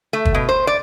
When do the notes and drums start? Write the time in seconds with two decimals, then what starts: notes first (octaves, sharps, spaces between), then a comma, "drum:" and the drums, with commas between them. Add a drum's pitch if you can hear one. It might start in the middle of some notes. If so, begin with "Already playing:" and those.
0.13 A3
0.25 drum: kick
0.34 B2
0.49 C5
0.67 D5